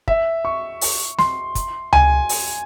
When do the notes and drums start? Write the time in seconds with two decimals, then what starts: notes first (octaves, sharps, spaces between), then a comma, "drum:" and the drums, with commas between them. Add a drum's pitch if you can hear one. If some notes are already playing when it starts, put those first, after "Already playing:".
0.08 E5, drum: kick
0.45 C#6
0.81 drum: open hi-hat
1.19 C6, drum: snare
1.55 drum: kick, hi-hat
1.93 G#5, drum: tom C#2
2.29 drum: open hi-hat